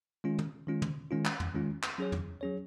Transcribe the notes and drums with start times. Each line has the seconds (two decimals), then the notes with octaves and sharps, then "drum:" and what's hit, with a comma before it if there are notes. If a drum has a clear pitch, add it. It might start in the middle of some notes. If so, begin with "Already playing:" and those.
0.24 D#3 G#3 C#4 F4
0.39 drum: tom
0.67 D#3 G#3 C#4 F4
0.82 drum: tom
1.11 D#3 G#3 C#4 F4
1.25 drum: clap
1.40 drum: tom
1.54 D#3 G#3 C#4 F4
1.83 drum: clap
1.98 F#3 C#4 G#4 C#5
2.12 drum: tom
2.41 F#3 C#4 G#4 C#5